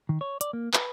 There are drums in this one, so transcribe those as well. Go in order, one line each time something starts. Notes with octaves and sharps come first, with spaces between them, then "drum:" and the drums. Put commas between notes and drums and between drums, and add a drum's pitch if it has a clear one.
D#3
C#5
D5, drum: hi-hat
A#3
B4, drum: clap